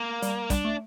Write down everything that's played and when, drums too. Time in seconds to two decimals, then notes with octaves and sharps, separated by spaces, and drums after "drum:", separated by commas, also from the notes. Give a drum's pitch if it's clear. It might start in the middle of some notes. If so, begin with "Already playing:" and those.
Already playing: A#3
0.22 G3, drum: hi-hat
0.50 G3 D4, drum: kick, hi-hat
0.65 A3